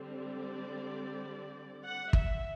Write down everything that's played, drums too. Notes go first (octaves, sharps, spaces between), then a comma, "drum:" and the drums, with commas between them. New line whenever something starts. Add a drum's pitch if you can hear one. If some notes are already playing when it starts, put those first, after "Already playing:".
Already playing: D3 G3 C4
D5
F#5
E5, drum: kick